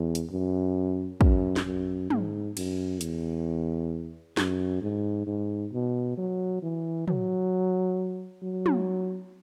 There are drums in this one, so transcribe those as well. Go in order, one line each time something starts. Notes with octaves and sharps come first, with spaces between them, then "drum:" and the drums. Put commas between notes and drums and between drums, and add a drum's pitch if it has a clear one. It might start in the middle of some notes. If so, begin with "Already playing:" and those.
Already playing: E2
drum: hi-hat
F#2
F#2, drum: kick
drum: snare
F#2
G#2, drum: tom
F#2, drum: cymbal
E2, drum: hi-hat
F#2, drum: snare
G#2
G#2
B2
F#3
E3
F#3, drum: tom
F#3
drum: tom